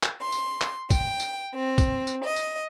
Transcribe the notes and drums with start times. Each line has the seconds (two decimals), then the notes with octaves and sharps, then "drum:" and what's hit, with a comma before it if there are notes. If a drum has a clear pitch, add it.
0.03 drum: clap
0.22 C6
0.32 drum: tambourine
0.61 drum: clap
0.90 G5, drum: kick, tambourine
1.20 drum: tambourine
1.55 C4
1.78 drum: kick, tambourine
2.07 drum: tambourine
2.25 D#5
2.36 drum: tambourine